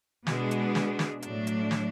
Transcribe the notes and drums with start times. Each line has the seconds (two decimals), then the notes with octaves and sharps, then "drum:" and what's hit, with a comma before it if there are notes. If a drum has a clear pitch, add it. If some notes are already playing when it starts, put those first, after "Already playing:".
0.27 B2 G#3 B3 D4 G#4, drum: snare
0.51 drum: hi-hat
0.75 drum: snare
0.99 drum: snare
1.22 A2 F#3 A3 D4, drum: hi-hat
1.47 drum: hi-hat
1.71 drum: snare